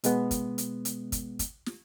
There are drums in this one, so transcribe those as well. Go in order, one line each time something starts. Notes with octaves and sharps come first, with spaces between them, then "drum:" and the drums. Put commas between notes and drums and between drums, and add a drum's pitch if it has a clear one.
B2 G#3 B3, drum: hi-hat
drum: kick, hi-hat
drum: hi-hat
drum: hi-hat
drum: kick, hi-hat
drum: kick, hi-hat
drum: snare